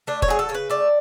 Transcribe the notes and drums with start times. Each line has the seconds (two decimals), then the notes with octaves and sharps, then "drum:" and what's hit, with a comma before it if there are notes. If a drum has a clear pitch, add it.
0.07 A3 D4
0.22 C#5, drum: kick F1
0.28 F#3 G#4
0.39 A4
0.49 C#3 C#5
0.54 B4
0.70 A3 D5